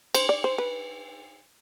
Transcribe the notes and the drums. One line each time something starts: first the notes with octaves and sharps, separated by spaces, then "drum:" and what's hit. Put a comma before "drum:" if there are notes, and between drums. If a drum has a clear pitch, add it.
C5, drum: cymbal
D5
C5
B4